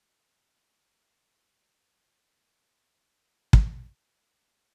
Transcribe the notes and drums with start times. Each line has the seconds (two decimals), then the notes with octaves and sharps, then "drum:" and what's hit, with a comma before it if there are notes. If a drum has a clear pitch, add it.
0.19 F5 B5 F6
0.69 G1 A3 B3
0.91 D#3 A#3 F5
1.59 A2 E3
3.14 A#2
3.53 drum: kick
3.80 C#3